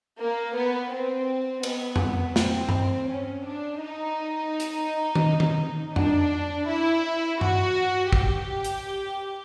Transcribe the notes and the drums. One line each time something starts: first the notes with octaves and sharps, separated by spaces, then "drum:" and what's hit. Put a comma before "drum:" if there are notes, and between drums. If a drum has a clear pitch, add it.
A#3
B3
C4
B3, drum: cymbal
drum: tom F2
C4, drum: snare
drum: tom G2
C#4
D4
D#4
drum: hi-hat
drum: tom D#3
drum: tom D#3
D4, drum: tom F2
E4
F#4, drum: tom G2
G4, drum: kick
drum: hi-hat